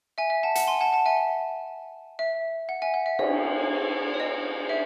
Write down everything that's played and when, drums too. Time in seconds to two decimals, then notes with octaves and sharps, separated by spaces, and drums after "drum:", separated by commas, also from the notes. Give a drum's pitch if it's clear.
0.18 E5 G#5
0.30 E5 G#5
0.43 F#5 A5
0.55 F#5 A5, drum: hi-hat
0.67 G#5 C6
0.81 F#5 A5
0.93 F#5 A5
1.06 E5 G#5
2.19 E5
2.69 F#5
2.82 E5 G#5
2.94 F#5
3.06 E5
3.19 D#5, drum: cymbal
4.14 C#5
4.20 D#5
4.69 E5